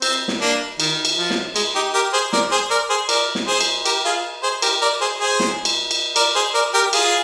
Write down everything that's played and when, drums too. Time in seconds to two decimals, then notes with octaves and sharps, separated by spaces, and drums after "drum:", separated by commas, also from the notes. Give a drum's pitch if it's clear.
0.02 C4, drum: cymbal
0.28 drum: snare
0.41 A#3 D4
0.80 D#3, drum: cymbal
1.05 drum: cymbal
1.18 F3
1.30 drum: snare
1.56 G#3, drum: cymbal
1.75 D#4 G4
1.94 G4 A#4
2.13 G#4 C5
2.33 A#4 D5, drum: snare
2.52 G#4 C5
2.70 A#4 D5
2.90 G#4 C5
3.09 A#4 D5, drum: cymbal
3.35 drum: snare
3.47 G#4 C5
3.61 drum: cymbal
3.86 G4 A#4, drum: cymbal
4.05 F4 G#4
4.43 G#4 C5
4.62 G4 A#4, drum: cymbal
4.81 A#4 D5
5.01 G#4 C5
5.21 G#4 C5
5.40 drum: snare
5.65 drum: cymbal
5.91 drum: cymbal
6.16 A#4 D5, drum: cymbal
6.35 G#4 C5
6.54 A#4 D5
6.74 G4 A#4
6.93 F4 G#4, drum: cymbal